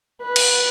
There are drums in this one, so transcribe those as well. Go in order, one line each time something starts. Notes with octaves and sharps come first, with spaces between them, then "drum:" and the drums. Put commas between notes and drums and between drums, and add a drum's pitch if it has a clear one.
B4
drum: cymbal